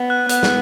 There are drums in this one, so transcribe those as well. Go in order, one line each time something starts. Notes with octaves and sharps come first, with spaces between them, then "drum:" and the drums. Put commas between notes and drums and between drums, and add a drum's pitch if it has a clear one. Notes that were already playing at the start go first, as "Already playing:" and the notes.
Already playing: B3
F#6
B3 F#6, drum: hi-hat
drum: snare